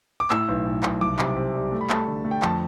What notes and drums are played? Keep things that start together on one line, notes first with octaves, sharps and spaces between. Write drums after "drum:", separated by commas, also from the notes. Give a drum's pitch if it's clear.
D6
A2 E6, drum: clap
B1
B1
B1, drum: clap
C2 D6
C3, drum: clap
C3
G3
A3
B5
A3 A5, drum: clap
D3
A3
G5
F2 A5, drum: clap